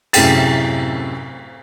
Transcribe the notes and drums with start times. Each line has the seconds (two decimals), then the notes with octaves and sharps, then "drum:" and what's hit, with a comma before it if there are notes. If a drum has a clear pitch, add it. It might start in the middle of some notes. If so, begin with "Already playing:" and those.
0.13 F#2 A2 C3 G#4 G5 A6, drum: cymbal